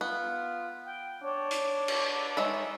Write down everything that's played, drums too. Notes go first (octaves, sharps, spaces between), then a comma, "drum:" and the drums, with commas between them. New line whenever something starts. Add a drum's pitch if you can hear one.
B3 F4
G5
D4 C#5
drum: hi-hat
drum: cymbal
G#3 D#4 C#5 E5 B5